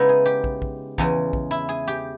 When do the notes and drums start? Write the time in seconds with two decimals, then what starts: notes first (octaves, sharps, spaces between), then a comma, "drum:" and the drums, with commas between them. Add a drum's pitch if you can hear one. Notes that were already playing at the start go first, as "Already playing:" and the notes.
Already playing: C#3 G#3 B3 D#4 E4
0.09 G#4
0.26 G4
0.44 drum: kick
0.62 drum: kick
0.98 E2 C#3 G#3, drum: kick
1.33 drum: kick
1.51 E4
1.69 G#4
1.87 G4